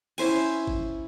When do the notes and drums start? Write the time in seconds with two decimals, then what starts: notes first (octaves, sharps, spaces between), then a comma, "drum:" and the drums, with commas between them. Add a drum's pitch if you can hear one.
0.18 C#4 E4 C5 G#5, drum: cymbal
0.67 drum: kick G#1